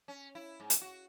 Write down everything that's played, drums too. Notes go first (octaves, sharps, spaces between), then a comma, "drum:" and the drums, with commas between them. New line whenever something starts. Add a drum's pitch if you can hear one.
C#4
E4
G#2
drum: hi-hat
F#4